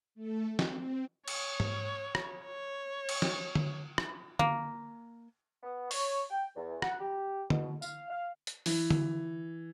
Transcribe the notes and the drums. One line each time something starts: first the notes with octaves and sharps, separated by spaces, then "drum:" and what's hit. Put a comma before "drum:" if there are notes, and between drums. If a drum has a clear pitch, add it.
A3 A4
C4, drum: snare
C#5, drum: cymbal
drum: tom G#2
drum: rim click
C#5
drum: cymbal
drum: snare
drum: tom D3
drum: rim click
A#3, drum: tom D3
B3
C#5, drum: open hi-hat
G5
E2
F#5, drum: rim click
G4
B2, drum: tom D3
F5, drum: tambourine
F5
drum: hi-hat
E3, drum: open hi-hat
drum: tom D3